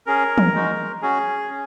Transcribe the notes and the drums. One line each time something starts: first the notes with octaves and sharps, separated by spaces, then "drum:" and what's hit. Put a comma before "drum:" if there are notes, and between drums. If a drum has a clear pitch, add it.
C#4 G#4 A#4
drum: tom
G#3 D#4 F#4
C#4 F#4 G#4
C#4